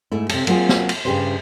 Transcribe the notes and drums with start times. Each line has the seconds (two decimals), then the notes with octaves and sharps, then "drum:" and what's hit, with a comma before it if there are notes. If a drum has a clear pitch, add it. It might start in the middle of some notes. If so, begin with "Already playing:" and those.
0.12 G#2 A3 E4
0.29 C3 A4, drum: cymbal
0.47 F#3 A#3 C4 F4 G#4, drum: cymbal
0.69 drum: snare
0.89 drum: cymbal
1.05 G2 C#3 F3 G4 B4 C5